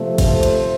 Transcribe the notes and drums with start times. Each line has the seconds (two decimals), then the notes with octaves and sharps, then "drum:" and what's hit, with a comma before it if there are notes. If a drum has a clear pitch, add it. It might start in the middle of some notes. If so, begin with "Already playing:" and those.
Already playing: C3 F3 A3
0.18 C5, drum: kick G#1, cymbal
0.43 drum: cymbal